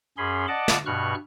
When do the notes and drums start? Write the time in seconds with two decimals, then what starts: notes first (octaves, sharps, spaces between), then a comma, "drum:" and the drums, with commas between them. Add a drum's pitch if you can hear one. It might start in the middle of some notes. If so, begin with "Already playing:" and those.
0.17 F#2 C#4 G#4 B5 C6
0.48 D5 D#5 F#5 A5 D6
0.68 drum: snare
0.86 G2 B2 C#6 F6 F#6